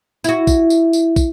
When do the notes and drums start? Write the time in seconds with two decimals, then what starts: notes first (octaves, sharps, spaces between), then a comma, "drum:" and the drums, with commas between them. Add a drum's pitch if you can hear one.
0.24 E4 F#4, drum: tambourine
0.47 drum: kick, tambourine
0.70 drum: tambourine
0.93 drum: tambourine
1.16 drum: kick, tambourine